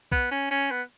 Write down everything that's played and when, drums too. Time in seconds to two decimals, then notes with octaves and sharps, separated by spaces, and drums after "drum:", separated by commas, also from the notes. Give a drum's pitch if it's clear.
0.12 B3, drum: kick
0.31 C#4
0.51 C#4
0.71 B3